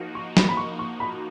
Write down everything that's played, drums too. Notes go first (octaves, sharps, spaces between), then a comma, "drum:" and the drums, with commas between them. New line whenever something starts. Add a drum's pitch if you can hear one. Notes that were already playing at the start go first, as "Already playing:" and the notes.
Already playing: F3 A#3 D#4 F#4
C#6
B5, drum: snare
B5
C#6
C#6
B5